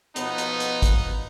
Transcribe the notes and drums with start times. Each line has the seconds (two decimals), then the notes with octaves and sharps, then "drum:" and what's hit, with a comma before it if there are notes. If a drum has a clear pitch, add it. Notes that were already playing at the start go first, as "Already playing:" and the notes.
0.16 B2 F3 B3 D#4, drum: hi-hat
0.38 drum: hi-hat
0.60 drum: hi-hat
0.82 drum: kick, hi-hat